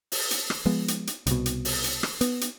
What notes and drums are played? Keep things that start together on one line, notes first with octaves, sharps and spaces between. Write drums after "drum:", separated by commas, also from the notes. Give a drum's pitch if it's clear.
drum: open hi-hat
drum: hi-hat
drum: rim click
F3 G#3 B3
drum: hi-hat
drum: hi-hat
C2 B2, drum: hi-hat
drum: hi-hat
drum: open hi-hat
drum: hi-hat
drum: rim click
B3, drum: hi-hat
drum: hi-hat